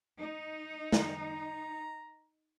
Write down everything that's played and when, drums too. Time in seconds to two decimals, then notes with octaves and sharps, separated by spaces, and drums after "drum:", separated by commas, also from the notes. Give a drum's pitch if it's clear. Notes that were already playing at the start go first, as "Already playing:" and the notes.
0.17 D#4
0.92 A#5, drum: snare